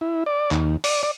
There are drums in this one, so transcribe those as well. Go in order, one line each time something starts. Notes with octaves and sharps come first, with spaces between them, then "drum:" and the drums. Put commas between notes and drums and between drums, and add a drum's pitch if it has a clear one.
E4
D5
D#2, drum: clap
D5, drum: open hi-hat
D5